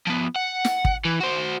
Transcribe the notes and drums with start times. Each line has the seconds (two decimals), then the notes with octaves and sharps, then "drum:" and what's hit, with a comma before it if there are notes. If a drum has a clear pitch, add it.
0.07 F3 B3
0.36 F#5
0.65 drum: snare
0.85 drum: kick
1.05 E3
1.20 F#4 C5